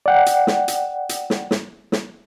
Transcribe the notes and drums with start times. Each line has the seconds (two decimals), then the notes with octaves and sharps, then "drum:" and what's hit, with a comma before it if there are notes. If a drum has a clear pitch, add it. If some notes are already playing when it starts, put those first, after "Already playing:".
0.06 D5 F#5 G5
0.26 drum: hi-hat
0.47 drum: snare
0.68 drum: hi-hat
1.09 drum: hi-hat
1.30 drum: snare
1.51 drum: snare
1.92 drum: snare